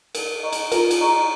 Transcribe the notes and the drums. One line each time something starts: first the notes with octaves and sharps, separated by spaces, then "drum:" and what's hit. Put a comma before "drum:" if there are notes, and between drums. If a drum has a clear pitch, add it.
A#4, drum: cymbal
D#5 A#5 C#6
drum: cymbal
F4 A#4, drum: cymbal
drum: cymbal
G#4 D#5 A#5 C#6